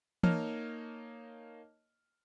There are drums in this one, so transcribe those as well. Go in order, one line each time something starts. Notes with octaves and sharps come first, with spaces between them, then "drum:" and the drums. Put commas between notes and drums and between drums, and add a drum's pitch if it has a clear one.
A#3 D#4 C#5 D#5 A5 F6, drum: tom E3